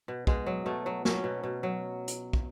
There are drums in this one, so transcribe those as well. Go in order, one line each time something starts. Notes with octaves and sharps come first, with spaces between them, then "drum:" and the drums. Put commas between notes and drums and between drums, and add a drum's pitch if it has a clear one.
B2
B2 G#3, drum: kick
F#3
B2 A3
F#3
F#3 C#4, drum: snare
B2
B2
F#3
drum: hi-hat
drum: kick